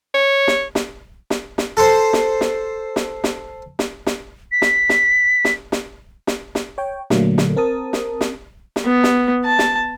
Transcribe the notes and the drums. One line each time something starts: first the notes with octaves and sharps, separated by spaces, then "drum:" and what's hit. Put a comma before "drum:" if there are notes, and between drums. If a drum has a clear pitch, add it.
C#5
drum: snare
drum: snare
drum: snare
drum: snare
A4 C5
drum: snare
drum: snare
drum: snare
drum: snare
drum: snare
drum: snare
B6
drum: snare
drum: snare
drum: snare
drum: snare
drum: snare
drum: snare
C#5 G5
A#2 D3 F#3 A3 A#3, drum: snare
drum: snare
C4 A#4 A5 D#6
drum: snare
drum: snare
drum: snare
B3
drum: snare
A5
drum: snare